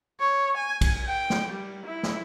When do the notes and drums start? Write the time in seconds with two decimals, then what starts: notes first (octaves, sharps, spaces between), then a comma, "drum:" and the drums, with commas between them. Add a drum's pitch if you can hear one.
0.20 C#5
0.57 G#5
0.81 drum: kick, cymbal
1.07 G5
1.30 drum: snare
1.51 G3
1.86 E4
2.03 drum: snare